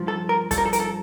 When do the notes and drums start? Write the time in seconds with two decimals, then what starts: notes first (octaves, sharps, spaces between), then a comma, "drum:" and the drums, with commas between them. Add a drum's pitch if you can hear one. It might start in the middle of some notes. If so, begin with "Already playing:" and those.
Already playing: G2 F3
0.08 A4
0.29 A#4
0.51 G2 F3 A4, drum: kick, hi-hat
0.58 A#4
0.66 A4
0.73 A#4, drum: hi-hat
0.80 A4